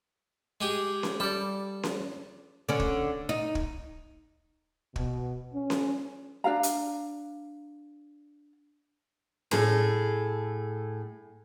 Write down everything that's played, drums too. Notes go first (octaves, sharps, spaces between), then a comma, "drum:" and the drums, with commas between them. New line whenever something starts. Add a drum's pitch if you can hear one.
G#3 G4 G#4
drum: snare C#4
G3 A4 D5
drum: snare C#4
D3 C#4
drum: kick
D#4
drum: kick
B2, drum: kick
C#4
drum: snare C#4
D4 A#4 F5 A#5
drum: hi-hat
A2 G#4 A4, drum: snare C#4